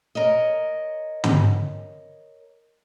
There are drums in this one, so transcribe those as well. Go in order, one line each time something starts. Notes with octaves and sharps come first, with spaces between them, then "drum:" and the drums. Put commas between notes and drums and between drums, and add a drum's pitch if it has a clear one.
A#4 C#5 D#5
drum: tom